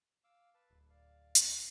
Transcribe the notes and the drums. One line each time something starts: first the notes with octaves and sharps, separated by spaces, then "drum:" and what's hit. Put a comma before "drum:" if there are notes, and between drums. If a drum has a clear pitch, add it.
F5 D6 E6
B4 A5
D1
D5 F5
drum: hi-hat